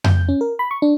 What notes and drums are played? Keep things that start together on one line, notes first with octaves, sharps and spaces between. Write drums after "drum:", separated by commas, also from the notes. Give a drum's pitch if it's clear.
G6, drum: tom F2
C#4
A#4
B5
C#6
D4